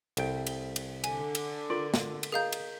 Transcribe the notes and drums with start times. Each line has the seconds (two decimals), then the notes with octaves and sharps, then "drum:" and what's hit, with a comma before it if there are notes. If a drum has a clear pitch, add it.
0.17 C2 A4 G5, drum: cymbal
0.47 drum: cymbal
0.76 drum: cymbal
1.04 D3 G#5, drum: cymbal
1.35 drum: cymbal
1.70 F4 A#4 D5 C6
1.94 drum: snare
2.23 drum: cymbal
2.32 G#4 A#4 D#5 F5 A#5 G6
2.52 drum: cymbal